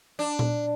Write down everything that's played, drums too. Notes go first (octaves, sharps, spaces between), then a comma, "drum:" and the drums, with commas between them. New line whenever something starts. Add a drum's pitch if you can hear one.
D4
drum: tom A#2